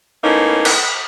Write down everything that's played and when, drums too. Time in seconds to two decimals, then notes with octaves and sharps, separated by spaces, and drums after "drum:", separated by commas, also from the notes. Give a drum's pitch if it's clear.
0.23 A2 A#3 B3 C#4 D#4
0.65 drum: cymbal